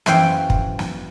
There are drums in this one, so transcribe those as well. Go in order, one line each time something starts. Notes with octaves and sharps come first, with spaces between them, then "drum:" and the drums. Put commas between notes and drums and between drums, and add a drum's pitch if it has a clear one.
F#2 E3 C5 F5 G5, drum: snare
drum: kick
drum: snare